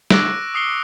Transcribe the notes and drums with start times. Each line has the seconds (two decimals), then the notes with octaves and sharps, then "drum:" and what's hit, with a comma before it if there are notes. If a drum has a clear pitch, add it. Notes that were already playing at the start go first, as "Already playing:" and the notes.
0.11 C#6 D6 E6 F#6 A#6 D7, drum: snare
0.55 D#6 C7 C#7 G7